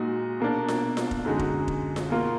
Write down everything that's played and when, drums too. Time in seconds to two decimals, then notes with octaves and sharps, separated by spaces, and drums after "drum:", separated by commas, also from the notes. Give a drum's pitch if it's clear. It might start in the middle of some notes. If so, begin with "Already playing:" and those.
Already playing: A#2 G#3 D#4 F#4
0.40 B2 A#3 D4
0.68 drum: snare F4
0.97 drum: snare F4
1.11 drum: kick F1
1.25 F#2 D3 G#3 D#4 F#4
1.39 drum: kick F1
1.68 drum: kick F1
1.96 drum: snare F4
2.10 B2 A#3 F4